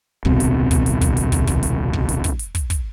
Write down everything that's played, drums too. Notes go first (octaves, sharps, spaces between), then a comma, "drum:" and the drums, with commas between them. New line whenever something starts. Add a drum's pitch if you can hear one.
D#1 C2 B2 C4, drum: kick
drum: hi-hat
drum: kick, hi-hat
drum: hi-hat
drum: kick, hi-hat
drum: hi-hat
drum: kick, hi-hat
drum: kick, hi-hat
drum: hi-hat
drum: kick
drum: hi-hat
drum: kick, hi-hat
drum: hi-hat
drum: kick, hi-hat
drum: kick, hi-hat